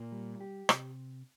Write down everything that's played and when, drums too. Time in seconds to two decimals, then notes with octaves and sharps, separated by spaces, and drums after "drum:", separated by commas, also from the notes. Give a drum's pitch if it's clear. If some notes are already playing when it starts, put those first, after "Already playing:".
Already playing: A#2 A#3
0.12 G3
0.41 G4
0.69 C3, drum: rim click